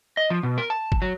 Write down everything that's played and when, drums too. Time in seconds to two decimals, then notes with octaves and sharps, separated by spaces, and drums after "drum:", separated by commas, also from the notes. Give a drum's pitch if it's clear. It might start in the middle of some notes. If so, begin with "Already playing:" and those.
0.17 D#5
0.30 F3
0.43 B2
0.58 A#4
0.70 A5
0.92 drum: kick
1.02 F#3